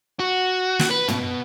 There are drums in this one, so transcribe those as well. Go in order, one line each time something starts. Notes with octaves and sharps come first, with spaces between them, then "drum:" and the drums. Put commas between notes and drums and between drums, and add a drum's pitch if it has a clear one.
F#4
drum: snare
B4
B2, drum: tom